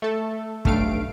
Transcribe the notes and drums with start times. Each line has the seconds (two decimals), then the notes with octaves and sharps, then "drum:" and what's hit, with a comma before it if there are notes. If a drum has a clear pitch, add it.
0.02 A3 A4
0.65 B1 G2 A3 F5 D7, drum: kick